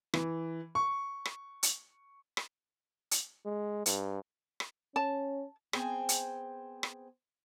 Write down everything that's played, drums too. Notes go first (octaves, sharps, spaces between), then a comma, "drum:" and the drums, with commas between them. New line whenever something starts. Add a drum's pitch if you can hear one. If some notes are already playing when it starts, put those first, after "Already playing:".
E3, drum: rim click
C#6
drum: rim click
drum: hi-hat
drum: rim click
drum: hi-hat
G#3
G2, drum: hi-hat
drum: rim click
C#4 A5
B3 C4 G#4 C5 G5 G#5, drum: rim click
drum: hi-hat
drum: rim click